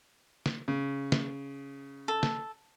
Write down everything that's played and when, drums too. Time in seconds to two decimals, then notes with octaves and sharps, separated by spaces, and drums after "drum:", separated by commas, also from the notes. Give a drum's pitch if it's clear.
0.46 drum: snare
0.68 C#3
1.12 drum: snare
2.08 A4
2.23 drum: snare